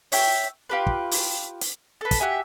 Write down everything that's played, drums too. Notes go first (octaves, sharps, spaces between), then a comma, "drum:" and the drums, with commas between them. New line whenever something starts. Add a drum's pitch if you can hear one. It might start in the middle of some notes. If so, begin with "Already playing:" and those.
C#5 E5 G5, drum: open hi-hat
F4 G4 B4
drum: kick
drum: open hi-hat
drum: hi-hat
A4 B4
drum: kick, hi-hat
F#4 G4 E5 G#5